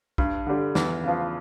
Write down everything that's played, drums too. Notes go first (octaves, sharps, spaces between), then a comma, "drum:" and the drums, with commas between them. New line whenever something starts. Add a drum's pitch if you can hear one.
G2, drum: kick A#1
D3 G3
E2, drum: snare
C#3 F3